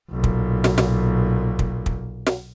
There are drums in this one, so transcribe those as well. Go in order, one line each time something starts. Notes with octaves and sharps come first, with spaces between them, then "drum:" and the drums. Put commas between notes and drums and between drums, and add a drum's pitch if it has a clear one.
B1 A#2
drum: kick
drum: snare
drum: snare
drum: kick
drum: kick
drum: snare